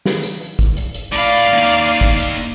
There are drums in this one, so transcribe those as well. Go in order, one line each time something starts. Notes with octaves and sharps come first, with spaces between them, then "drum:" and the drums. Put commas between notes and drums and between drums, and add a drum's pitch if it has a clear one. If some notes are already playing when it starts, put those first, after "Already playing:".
drum: snare
drum: hi-hat
drum: hi-hat
drum: kick, hi-hat
drum: hi-hat
drum: hi-hat
A2 D5 F5 B5, drum: hi-hat
drum: hi-hat
A#3 D#4
drum: hi-hat
drum: hi-hat
drum: kick, hi-hat
drum: hi-hat
drum: hi-hat